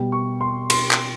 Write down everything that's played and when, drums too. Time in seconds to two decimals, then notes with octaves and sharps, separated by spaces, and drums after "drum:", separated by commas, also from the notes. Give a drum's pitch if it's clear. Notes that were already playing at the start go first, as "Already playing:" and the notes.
Already playing: B2 G3
0.12 C#6
0.41 C6
0.70 C6, drum: cymbal
0.91 drum: clap